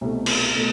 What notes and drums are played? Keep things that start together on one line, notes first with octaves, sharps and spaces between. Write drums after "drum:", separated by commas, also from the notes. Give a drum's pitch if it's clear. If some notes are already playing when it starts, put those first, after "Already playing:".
C2 B2 A3
drum: cymbal
B2 A3